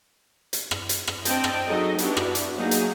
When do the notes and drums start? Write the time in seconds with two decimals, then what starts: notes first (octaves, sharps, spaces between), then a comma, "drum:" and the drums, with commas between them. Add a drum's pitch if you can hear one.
0.53 drum: hi-hat
0.71 drum: rim click
0.89 drum: hi-hat
1.07 drum: rim click
1.25 C4 D4 D#5 G5 A5, drum: hi-hat
1.44 drum: rim click
1.67 F#3 D#4 G#4 A4 D#5
1.98 B3 D4 E4 F#4 G4, drum: hi-hat
2.17 drum: rim click
2.35 drum: hi-hat
2.57 F#3 A#3 D#4 G#4
2.71 drum: hi-hat